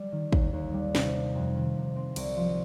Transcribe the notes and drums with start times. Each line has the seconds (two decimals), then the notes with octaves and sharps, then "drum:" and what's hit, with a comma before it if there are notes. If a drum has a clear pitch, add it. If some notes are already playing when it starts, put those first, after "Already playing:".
Already playing: G3
0.12 D#3
0.33 D#2, drum: kick
0.53 D#2
0.74 G3
0.95 C3, drum: snare
1.14 D#4
1.35 F2
1.56 D#3
1.76 C3
1.96 C4
2.16 C2, drum: cymbal
2.37 F3